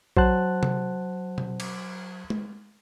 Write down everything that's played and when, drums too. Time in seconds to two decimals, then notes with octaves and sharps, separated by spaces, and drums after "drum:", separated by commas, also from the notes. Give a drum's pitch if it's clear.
0.17 F#3 C5 F#5 A5 F#6, drum: kick A#1
0.63 drum: tom C3
1.38 drum: tom B2
1.60 drum: cymbal
2.30 drum: tom G#3